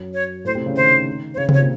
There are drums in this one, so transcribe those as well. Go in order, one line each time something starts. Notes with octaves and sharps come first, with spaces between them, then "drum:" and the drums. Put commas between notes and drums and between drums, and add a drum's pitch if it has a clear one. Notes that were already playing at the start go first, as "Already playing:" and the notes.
Already playing: F#2 F#3
C#5
A2 A3 C5
C3 C4
C#3 C#4
D#3 D#4 C5
C5
C#3 C#4 C#5
C3 C4, drum: tom C3
C#5
A#2 A#3